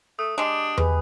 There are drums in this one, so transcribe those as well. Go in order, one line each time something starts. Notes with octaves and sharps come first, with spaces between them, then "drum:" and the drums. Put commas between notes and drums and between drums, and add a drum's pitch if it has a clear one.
A3 D#6
G#3 D4 G4
G#4 B4, drum: tom E2